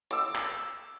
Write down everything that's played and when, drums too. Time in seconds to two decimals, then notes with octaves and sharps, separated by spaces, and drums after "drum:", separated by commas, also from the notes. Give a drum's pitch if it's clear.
0.11 D6 E6, drum: hi-hat
0.35 drum: clap